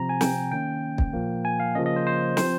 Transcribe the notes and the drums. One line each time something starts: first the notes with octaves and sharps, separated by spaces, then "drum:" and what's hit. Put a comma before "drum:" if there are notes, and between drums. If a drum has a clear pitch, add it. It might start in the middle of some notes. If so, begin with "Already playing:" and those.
Already playing: C3 F3 C4 A#5
G#5
G5, drum: snare
D#3 A#3 C#4 G5
drum: kick
A#2 F3 A#3
G#5
F5
C#3 F3 A#3 C#4 D#5
D#5
C5
C5
F3 C4 C5, drum: snare